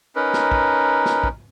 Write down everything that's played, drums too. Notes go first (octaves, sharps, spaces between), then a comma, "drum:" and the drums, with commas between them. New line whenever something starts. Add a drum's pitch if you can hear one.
C#4 D#4 A#4 B4
drum: snare
drum: kick
drum: snare
drum: kick